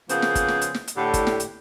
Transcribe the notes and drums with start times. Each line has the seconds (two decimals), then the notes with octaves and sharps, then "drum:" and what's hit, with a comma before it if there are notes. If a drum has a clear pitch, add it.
0.09 C#3 F3 A#3 B3 G#4 C5, drum: hi-hat
0.22 drum: snare
0.35 drum: kick, hi-hat
0.48 drum: snare
0.61 drum: hi-hat
0.74 drum: snare
0.88 drum: hi-hat
0.97 A2 D3 G4
1.14 drum: kick, hi-hat
1.27 drum: snare
1.40 drum: hi-hat